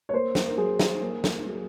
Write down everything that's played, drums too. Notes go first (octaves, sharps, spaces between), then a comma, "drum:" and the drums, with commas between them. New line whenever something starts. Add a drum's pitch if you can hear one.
C#5
A#3 C5
drum: snare
A#4
F#3 G#4
drum: snare
A#3
drum: snare
F#3